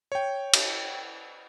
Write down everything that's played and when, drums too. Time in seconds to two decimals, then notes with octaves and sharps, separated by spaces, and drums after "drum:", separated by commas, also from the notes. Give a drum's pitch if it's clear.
0.12 C#5 G5
0.54 drum: cymbal